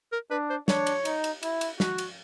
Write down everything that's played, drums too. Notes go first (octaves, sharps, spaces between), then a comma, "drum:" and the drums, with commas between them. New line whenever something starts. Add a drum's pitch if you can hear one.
A#4
D4 B4
C5
D4 C#5, drum: snare
drum: cymbal
D#4, drum: cymbal
drum: cymbal
E4, drum: cymbal
drum: cymbal
F#4, drum: snare
drum: cymbal